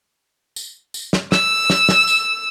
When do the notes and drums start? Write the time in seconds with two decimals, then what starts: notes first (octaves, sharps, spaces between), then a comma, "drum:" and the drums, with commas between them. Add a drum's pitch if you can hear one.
0.56 drum: tambourine
0.94 drum: tambourine
1.13 drum: snare
1.32 E6, drum: snare
1.70 drum: snare
1.89 drum: snare
2.08 drum: tambourine